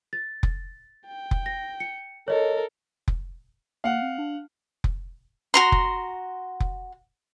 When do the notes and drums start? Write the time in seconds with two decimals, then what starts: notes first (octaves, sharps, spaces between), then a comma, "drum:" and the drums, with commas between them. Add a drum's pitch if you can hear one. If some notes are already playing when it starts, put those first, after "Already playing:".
0.13 A6
0.43 drum: kick F1
1.06 G5
1.31 drum: kick F1
1.46 A#6
1.80 C#7
2.28 A4 A#4 C#5 D#5
3.08 drum: kick F1
3.84 A#3 F5 F#5
4.02 C4
4.18 D4
4.84 drum: kick F1
5.54 F#4 A#5 C6
5.72 drum: kick F1
6.60 drum: kick F1